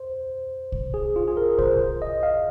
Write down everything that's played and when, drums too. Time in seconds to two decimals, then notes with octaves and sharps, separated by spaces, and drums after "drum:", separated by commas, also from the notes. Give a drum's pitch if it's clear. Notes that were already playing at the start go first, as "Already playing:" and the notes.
Already playing: C5
0.72 drum: kick
0.94 G#4
1.16 F4
1.28 G#4
1.37 A#4
1.58 C5, drum: kick
2.02 D#5
2.23 F5